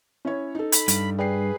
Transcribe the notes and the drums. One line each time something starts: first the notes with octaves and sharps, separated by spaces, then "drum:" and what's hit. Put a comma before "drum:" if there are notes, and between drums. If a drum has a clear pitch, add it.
C#4 E4 C#5
D#4 A4
B5, drum: hi-hat
G2, drum: hi-hat
G#4 B4 D5 G5 C7